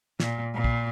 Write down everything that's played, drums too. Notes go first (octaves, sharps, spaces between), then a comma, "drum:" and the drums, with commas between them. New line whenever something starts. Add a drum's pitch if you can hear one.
A#2, drum: snare
A#2
drum: kick